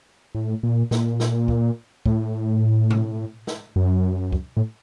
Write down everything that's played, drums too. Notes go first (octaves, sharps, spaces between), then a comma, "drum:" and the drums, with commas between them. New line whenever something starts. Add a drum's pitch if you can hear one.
A2
A#2
A#2, drum: snare
drum: snare
drum: kick
A2, drum: kick
drum: tom A2
drum: snare
F#2
drum: kick
A2